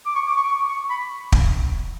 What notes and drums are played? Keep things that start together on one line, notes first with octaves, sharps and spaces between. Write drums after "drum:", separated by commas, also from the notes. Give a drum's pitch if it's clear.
D6
C#6
D6
C#6
C#6
C#6
B5
drum: kick